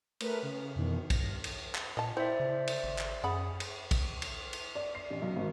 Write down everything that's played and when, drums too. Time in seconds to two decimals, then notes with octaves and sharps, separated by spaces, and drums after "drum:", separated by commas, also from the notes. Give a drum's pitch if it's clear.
0.20 A3 A#4 B4 F#6 B6 D#7, drum: cymbal
0.42 C#3
0.75 F2 B2 D#3 E3
1.10 G2 F6 A#6, drum: kick, cymbal
1.44 drum: cymbal
1.75 drum: clap
1.97 A#2 D#5 A5
2.17 C4 E4 C5 D5 E5
2.40 C#3
2.68 drum: cymbal
2.84 G#1
2.98 drum: clap
3.24 F#2 G#4 F#5 B5
3.60 drum: cymbal
3.91 drum: kick, cymbal
4.22 drum: cymbal
4.53 drum: cymbal
4.75 D5
4.95 C7
5.10 A1
5.22 B1
5.36 G#1